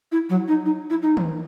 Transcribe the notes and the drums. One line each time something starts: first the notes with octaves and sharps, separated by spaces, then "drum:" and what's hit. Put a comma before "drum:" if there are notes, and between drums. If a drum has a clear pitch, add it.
E4
F#3
D#4
D#4
E4
D#4
drum: tom D#3